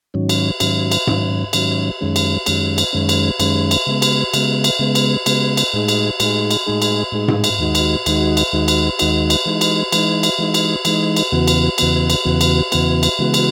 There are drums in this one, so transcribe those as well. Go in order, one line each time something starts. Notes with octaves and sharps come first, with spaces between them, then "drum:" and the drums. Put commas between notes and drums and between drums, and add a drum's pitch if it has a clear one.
G#2 D#3 F#3 C#4
drum: cymbal
G#2 D#3 F#3 C#4, drum: cymbal
drum: cymbal
G#2 D#3 F#3 C#4, drum: tom G#2
G#2 D#3 F#3 C#4, drum: cymbal
F#2 D#3 G#3 C#4
drum: cymbal
F#2 D#3 G#3 C#4, drum: cymbal
drum: cymbal
F#2 D#3 G#3 C#4
drum: cymbal
F#2 D#3 G#3 C#4, drum: cymbal
drum: cymbal
C#3 G#3 B3
drum: cymbal
C#3 G#3 B3, drum: cymbal
drum: cymbal
C#3 G#3 B3
drum: cymbal
C#3 G#3 B3, drum: cymbal
drum: cymbal
A2 G#3 D#4 G#4
drum: cymbal
A2 G#3 D#4 G#4, drum: cymbal
drum: cymbal
A2 G#3 D#4 G#4
drum: cymbal
A2 G#3 D#4 G#4
drum: tom G#2
drum: cymbal
D#2 D#3 G#3 D#4 F#4
drum: cymbal
D#2 D#3 G#3 D#4 F#4, drum: cymbal
drum: cymbal
D#2 D#3 G#3 D#4 F#4
drum: cymbal
D#2 D#3 G#3 D#4 F#4, drum: cymbal
drum: cymbal
E3 G#3 D#4
drum: cymbal
E3 G#3 D#4, drum: cymbal
drum: cymbal
E3 G#3 D#4
drum: cymbal
E3 G#3 D#4, drum: cymbal
drum: cymbal
E2 C#3 E3 B3 F#4
drum: cymbal
E2 C#3 E3 B3 F#4, drum: cymbal
drum: cymbal
E2 C#3 E3 B3 F#4
drum: cymbal
E2 C#3 E3 B3 F#4, drum: cymbal
drum: cymbal
C#3 E3 G#3 B3 F#4
drum: cymbal